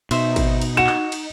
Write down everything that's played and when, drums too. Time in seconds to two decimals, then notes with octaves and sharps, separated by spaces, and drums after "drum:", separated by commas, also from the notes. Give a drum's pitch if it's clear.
0.11 B2 D#4 C5 E5, drum: cymbal
0.36 drum: kick G#1, cymbal
0.61 drum: cymbal
0.77 F#4 E7
0.87 drum: clap
1.12 drum: cymbal